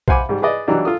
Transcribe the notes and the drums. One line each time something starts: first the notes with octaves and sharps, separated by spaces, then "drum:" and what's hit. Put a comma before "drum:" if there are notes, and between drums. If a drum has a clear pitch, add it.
C5 F5 F#5 G#5 B5 D6, drum: kick B1
G#2 G3
G#4 B4 D5 D#5
E3 F#3 G3 D4 D#4
F4 A4 D#6